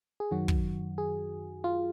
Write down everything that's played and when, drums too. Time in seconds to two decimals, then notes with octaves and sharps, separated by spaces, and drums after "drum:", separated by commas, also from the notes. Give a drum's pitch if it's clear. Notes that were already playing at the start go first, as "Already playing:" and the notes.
0.20 G#4
0.31 F#2 D#3 F#3 F#4
0.48 drum: kick
0.98 G#4
1.64 F4